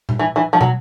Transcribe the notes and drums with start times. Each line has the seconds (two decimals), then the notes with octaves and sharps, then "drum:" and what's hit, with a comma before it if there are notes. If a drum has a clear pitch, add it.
0.09 drum: tom A#2
0.19 E3
0.36 E3
0.53 F3
0.61 F#3, drum: tom